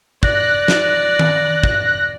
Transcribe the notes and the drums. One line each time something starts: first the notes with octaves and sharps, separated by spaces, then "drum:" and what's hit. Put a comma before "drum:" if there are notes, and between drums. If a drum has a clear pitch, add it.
D5 F#6 A#6, drum: kick
drum: snare
drum: tom D#3
drum: kick